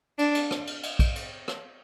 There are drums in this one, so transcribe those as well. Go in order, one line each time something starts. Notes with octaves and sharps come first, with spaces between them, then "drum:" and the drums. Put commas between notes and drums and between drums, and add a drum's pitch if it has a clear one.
D4, drum: cymbal
drum: cymbal
drum: rim click
drum: cymbal
drum: cymbal
drum: kick A#1, cymbal
drum: cymbal
drum: rim click